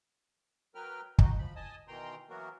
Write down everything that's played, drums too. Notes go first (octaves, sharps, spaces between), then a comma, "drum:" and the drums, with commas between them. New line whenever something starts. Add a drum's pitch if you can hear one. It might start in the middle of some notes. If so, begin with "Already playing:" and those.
F#3 A#4 B4 G5 F6
D#4 F#4 D#5, drum: kick
F3 B5
D#5 G#5 A5 D#6
B2 D#3 E3 G5 A#5 C6
E3 F#3 A#3 B3 F#4 A#4